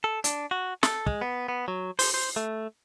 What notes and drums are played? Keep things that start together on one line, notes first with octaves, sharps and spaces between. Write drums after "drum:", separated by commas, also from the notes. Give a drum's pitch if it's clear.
A4
D4, drum: hi-hat
F#4
A4, drum: snare
G#3, drum: kick
B3
B3
F#3
C5, drum: open hi-hat
C5
A3